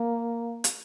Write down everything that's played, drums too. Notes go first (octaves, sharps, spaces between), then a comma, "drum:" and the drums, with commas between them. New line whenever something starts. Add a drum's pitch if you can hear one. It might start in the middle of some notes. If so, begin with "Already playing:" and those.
Already playing: A#3
drum: hi-hat